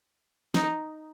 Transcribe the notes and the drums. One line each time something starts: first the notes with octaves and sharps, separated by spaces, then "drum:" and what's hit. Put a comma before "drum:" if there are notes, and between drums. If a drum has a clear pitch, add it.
D#4, drum: snare